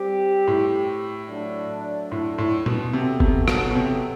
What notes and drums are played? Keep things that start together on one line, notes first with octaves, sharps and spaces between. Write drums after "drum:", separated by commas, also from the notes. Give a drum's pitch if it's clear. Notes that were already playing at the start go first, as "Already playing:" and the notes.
Already playing: G3 C4 G4
A2
F#3 A3 D4
A2
A2
B2, drum: tom
C3 F#3 B3 F#4 A4
C3, drum: kick F#1
B2, drum: rim click
B2
C3